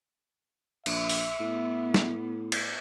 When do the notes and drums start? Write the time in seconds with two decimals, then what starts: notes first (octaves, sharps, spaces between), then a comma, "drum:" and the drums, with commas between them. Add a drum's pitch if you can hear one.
0.86 A#1 E5, drum: cymbal
1.09 drum: open hi-hat
1.40 A2 B3
1.94 drum: snare
2.52 drum: cymbal